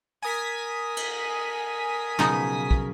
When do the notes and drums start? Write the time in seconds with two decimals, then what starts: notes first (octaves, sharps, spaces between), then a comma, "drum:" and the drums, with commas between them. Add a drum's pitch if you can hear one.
0.23 A#4 G#5 D#6 B6
0.97 drum: cymbal
2.19 B1 C#3 F3 B3 D#4, drum: snare
2.71 drum: kick